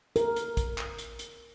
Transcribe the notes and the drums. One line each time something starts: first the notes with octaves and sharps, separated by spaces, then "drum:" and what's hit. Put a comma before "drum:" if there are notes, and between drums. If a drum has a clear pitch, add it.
A#4, drum: hi-hat
drum: hi-hat
drum: kick, hi-hat
drum: clap
drum: hi-hat
drum: hi-hat